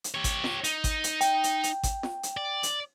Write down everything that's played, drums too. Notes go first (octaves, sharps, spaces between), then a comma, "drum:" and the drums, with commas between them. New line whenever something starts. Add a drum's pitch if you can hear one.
drum: hi-hat
G4 C#5
drum: kick G#1, hi-hat
drum: snare
D#4, drum: hi-hat
drum: kick G#1, hi-hat
drum: hi-hat
G5, drum: hi-hat
drum: hi-hat
drum: hi-hat
drum: kick G#1, hi-hat
drum: snare
drum: hi-hat
D5
drum: hi-hat